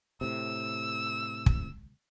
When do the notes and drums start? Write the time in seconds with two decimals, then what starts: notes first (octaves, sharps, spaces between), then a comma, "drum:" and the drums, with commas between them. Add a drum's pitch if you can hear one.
0.21 A2 C3 E6
1.46 drum: kick